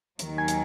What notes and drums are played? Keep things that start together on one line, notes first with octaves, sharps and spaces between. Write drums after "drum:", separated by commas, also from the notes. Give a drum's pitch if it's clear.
D#2 D#3 F#3, drum: hi-hat
G#5
drum: hi-hat